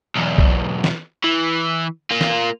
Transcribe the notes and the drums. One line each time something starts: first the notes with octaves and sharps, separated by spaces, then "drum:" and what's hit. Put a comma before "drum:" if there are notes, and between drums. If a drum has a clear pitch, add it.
B1 E2
drum: kick B1
drum: snare
E3
A#3 F4
drum: snare